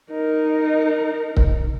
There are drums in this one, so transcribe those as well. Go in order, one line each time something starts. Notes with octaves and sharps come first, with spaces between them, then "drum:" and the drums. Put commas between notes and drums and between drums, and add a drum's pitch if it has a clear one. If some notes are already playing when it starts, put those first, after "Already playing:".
D#4 A#4
drum: kick C#1